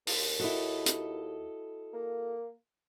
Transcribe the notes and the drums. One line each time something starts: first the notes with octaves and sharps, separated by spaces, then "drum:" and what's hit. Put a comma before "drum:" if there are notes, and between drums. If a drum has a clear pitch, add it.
D#2, drum: open hi-hat
E4 F#4 A4 D#5
drum: hi-hat
A#3